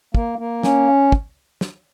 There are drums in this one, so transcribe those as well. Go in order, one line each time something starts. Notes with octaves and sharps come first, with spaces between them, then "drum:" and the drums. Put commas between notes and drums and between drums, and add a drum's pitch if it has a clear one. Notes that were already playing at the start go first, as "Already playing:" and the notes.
A#3, drum: kick
A#3
C#4, drum: snare
drum: kick
drum: snare